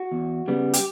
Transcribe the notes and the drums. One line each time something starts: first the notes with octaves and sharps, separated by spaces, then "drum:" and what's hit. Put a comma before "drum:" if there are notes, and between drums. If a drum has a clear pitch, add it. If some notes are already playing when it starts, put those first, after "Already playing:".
Already playing: F#4
E2
C#3 G3 B3
G4, drum: hi-hat